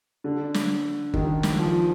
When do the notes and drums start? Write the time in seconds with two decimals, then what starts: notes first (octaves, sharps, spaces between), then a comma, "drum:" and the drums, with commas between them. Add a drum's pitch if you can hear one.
0.24 D3
0.54 drum: snare
1.14 D#3, drum: kick G1
1.43 drum: snare
1.58 F3